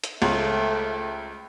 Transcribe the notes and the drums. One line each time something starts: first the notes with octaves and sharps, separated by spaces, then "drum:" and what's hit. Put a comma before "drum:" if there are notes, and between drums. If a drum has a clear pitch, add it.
drum: hi-hat
C#2 A3, drum: cymbal